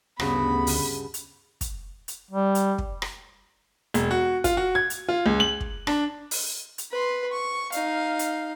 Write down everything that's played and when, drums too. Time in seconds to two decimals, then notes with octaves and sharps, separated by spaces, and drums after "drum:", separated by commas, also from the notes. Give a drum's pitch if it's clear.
0.20 D2 G2 C#3 B3 F#4 B5, drum: rim click
0.67 drum: open hi-hat
1.14 drum: hi-hat
1.61 drum: kick, hi-hat
2.08 drum: hi-hat
2.31 G3
2.55 drum: hi-hat
2.78 drum: kick
3.02 drum: rim click
3.94 E1, drum: hi-hat
4.11 F#4
4.44 F4, drum: kick, hi-hat
4.57 F#4
4.75 G#6
4.90 drum: hi-hat
5.09 F4
5.26 C#2
5.40 F#7
5.61 drum: kick
5.87 D4, drum: rim click
6.31 drum: open hi-hat
6.78 drum: hi-hat
6.91 B4 C6
7.32 C#6
7.72 D#4 F5, drum: hi-hat
8.19 drum: hi-hat